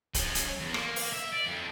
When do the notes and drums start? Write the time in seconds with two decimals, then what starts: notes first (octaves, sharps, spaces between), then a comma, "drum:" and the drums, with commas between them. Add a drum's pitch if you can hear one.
0.14 F3 C#4, drum: kick, hi-hat
0.35 drum: hi-hat
0.60 E2
0.74 A#3, drum: rim click
0.96 drum: open hi-hat
1.12 E5
1.32 D5
1.46 F2